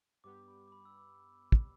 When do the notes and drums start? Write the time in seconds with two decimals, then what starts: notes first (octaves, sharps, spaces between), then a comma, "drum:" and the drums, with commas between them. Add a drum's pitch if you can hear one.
0.24 G2 G3 B3 G4 D6
0.48 B5
0.67 D6
0.72 B5
0.85 E6
0.97 D6
1.52 drum: kick